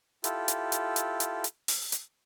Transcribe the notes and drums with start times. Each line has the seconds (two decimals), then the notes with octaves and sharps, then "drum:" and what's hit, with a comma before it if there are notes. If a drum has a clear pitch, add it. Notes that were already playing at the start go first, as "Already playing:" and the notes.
0.24 E4 F4 G4 A4, drum: hi-hat
0.48 drum: hi-hat
0.72 drum: hi-hat
0.96 drum: hi-hat
1.20 drum: hi-hat
1.44 drum: hi-hat
1.68 drum: open hi-hat
1.92 drum: hi-hat